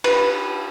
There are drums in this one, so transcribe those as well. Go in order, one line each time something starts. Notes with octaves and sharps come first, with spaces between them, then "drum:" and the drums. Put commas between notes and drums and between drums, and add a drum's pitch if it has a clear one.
B4, drum: cymbal